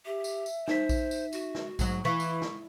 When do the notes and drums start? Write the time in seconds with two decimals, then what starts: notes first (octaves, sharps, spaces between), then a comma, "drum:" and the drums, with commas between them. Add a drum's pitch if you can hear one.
0.06 G4 E5
0.24 drum: tambourine
0.46 drum: tambourine
0.68 D#4 C5 B6, drum: snare
0.89 drum: kick A#1, tambourine
1.11 drum: tambourine
1.33 F#4, drum: tambourine
1.55 drum: snare
1.79 G#2 F#3 G#3, drum: kick A#1, tambourine
2.05 E3 E4 F5 C#6 B6
2.20 drum: tambourine
2.42 drum: snare